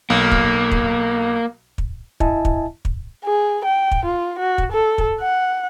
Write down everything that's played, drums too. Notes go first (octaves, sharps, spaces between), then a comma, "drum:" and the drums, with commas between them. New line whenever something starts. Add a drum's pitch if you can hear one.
B1 A#3
drum: kick
drum: kick
drum: kick
E4 D#5 E5 G#5 A5, drum: kick
drum: kick
drum: kick
G#4
G5
drum: kick
F4
F#4
drum: kick
A4
drum: kick
F#5